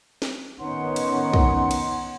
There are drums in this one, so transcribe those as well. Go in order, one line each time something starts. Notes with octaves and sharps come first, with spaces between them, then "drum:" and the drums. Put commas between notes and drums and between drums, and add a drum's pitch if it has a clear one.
drum: snare
D#3 B3 C#4 D#4 F#5 C6
drum: cymbal
drum: kick
drum: cymbal